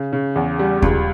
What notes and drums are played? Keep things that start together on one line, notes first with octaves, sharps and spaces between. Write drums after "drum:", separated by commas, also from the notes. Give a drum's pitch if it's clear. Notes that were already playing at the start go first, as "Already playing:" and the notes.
Already playing: C#3
C#3
E2
G3
C#2, drum: kick D#2